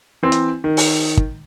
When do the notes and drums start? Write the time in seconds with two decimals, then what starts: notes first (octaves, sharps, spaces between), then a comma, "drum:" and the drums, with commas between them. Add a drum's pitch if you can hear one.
0.23 E3 C4
0.32 drum: hi-hat
0.64 D#3
0.77 drum: open hi-hat
1.17 drum: kick